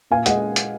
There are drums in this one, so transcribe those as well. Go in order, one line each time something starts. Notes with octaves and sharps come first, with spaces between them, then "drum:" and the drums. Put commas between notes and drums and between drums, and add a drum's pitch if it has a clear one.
A#2 F5 G#5
G#3 D#5 F#5, drum: hi-hat
drum: hi-hat